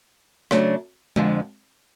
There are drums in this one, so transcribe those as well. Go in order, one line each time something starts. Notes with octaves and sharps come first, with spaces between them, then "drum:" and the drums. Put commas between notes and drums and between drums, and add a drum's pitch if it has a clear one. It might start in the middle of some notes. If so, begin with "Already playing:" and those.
C#3 F#3 A3 D4, drum: rim click
F2 D3 F3 G#3, drum: tom G#3